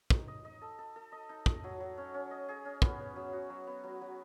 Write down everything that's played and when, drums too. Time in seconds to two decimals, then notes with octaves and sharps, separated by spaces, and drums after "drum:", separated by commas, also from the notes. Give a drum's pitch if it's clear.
0.10 D#4, drum: kick
0.28 D#5
0.45 D#5
0.62 A4
0.79 A4
0.96 A4
1.12 D#5
1.29 D#4
1.46 D#5, drum: kick
1.64 F#3
1.80 F#3
1.98 C#4
2.14 C#4
2.31 D#5
2.48 G#4
2.65 C#4
2.82 B3, drum: kick
2.99 B3
3.16 F#3
3.33 F#4
3.50 F#3
3.67 B3
3.84 F#3
4.01 F#3